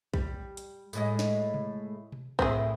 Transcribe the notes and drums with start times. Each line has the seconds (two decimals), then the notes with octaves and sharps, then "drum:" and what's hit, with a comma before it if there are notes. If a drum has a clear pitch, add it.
0.14 G3, drum: kick B1
0.57 drum: hi-hat
0.93 A2 G#3 D#5, drum: tambourine
1.19 drum: snare
1.54 drum: tom C3
2.12 drum: tom B2
2.39 A2 C4 E4 G#4 A#4, drum: kick B1